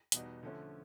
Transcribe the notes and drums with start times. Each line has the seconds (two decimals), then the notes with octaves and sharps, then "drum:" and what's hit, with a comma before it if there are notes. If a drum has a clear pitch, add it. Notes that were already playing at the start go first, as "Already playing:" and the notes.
0.12 E2 B2 G3 B3 D#4, drum: hi-hat
0.43 D3 F3 A3 C#4